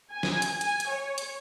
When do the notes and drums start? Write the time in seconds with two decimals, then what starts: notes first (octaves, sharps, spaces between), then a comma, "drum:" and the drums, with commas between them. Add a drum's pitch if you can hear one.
0.14 G#5
0.23 drum: snare
0.42 drum: hi-hat
0.61 G#5, drum: hi-hat
0.80 drum: hi-hat
0.92 C#5
1.18 drum: hi-hat